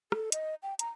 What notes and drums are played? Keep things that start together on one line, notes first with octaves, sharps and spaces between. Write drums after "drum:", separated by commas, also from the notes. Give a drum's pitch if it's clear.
A4, drum: rim click
D#5, drum: hi-hat
G5
A#5, drum: hi-hat